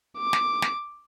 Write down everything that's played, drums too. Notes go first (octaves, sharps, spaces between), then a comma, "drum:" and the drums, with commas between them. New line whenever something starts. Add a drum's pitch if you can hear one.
D6
drum: snare
drum: snare